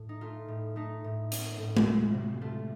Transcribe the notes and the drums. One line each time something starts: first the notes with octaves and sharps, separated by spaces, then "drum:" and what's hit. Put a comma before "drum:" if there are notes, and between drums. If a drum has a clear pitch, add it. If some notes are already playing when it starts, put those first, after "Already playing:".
Already playing: A2
D#4
A3 F4
A2
A3 D#4
A2
C#4, drum: hi-hat
A2
drum: tom G#3
C3
C3
A3 F4